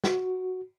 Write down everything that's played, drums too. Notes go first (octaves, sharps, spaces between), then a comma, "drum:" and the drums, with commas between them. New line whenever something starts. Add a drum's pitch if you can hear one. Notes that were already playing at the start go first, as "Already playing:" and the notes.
F#4, drum: snare